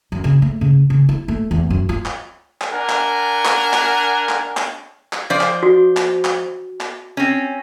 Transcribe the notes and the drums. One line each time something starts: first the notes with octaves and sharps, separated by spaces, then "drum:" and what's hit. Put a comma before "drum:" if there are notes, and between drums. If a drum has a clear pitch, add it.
F#2
C#3
A3
C#3
C#3
E4
A3
E2
F#2
F4
drum: clap
drum: clap
D4 A#4 F#5 G#5
drum: clap
drum: clap
drum: clap
drum: clap
drum: clap
drum: clap
F3 C5 D5
drum: clap
F#4
drum: clap
drum: clap
drum: clap
C4 C#4